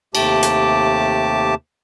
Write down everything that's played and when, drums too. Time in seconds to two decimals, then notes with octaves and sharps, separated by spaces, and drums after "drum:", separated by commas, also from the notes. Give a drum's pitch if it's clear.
0.15 D#2 C3 A3 G4 A5 D6, drum: cymbal
0.43 drum: hi-hat